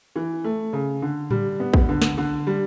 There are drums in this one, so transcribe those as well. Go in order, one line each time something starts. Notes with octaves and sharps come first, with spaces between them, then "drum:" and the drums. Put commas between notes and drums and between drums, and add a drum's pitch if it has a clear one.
E3
A3
C#3
D3
G3, drum: tom A2
B3
drum: kick
D3
drum: snare
D3
G3